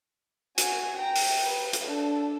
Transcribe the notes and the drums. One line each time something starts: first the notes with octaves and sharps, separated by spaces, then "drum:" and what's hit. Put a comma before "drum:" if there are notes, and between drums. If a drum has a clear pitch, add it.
F#4 G#5, drum: hi-hat
G5 A#5
drum: open hi-hat
B4
drum: hi-hat
D4 A4